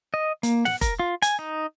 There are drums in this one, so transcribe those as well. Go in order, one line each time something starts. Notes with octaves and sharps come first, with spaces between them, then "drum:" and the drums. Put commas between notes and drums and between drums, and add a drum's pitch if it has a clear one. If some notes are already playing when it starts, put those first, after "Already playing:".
D#5
A#3, drum: hi-hat
F#5, drum: snare
A#4, drum: kick F1, hi-hat
F4
G#5, drum: hi-hat
D#4